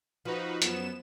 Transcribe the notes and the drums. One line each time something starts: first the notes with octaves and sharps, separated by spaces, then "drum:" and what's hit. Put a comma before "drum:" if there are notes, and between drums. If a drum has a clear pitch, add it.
F3 D#4 F#4 B4
F#2 B3 E7, drum: hi-hat